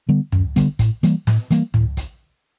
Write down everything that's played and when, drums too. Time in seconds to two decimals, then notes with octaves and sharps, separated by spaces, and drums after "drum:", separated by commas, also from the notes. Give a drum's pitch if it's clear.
0.09 D3 G3 B3
0.32 F#2, drum: tom C#2
0.56 D3 G3 B3, drum: kick, hi-hat
0.79 A2, drum: kick, hi-hat
1.03 E3 G3 A#3, drum: hi-hat
1.27 A2, drum: snare
1.50 E3 G3 A#3, drum: hi-hat
1.74 A2, drum: tom C#2
1.97 drum: kick, hi-hat